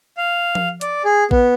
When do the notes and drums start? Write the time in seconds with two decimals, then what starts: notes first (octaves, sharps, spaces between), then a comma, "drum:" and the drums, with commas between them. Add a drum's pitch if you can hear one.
0.17 F5
0.55 drum: tom F3
0.81 D5, drum: hi-hat
1.05 G#4
1.31 B3, drum: kick